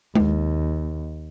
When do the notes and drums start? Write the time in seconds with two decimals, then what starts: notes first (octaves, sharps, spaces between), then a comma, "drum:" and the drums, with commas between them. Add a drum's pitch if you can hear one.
0.15 D#2, drum: tom G#3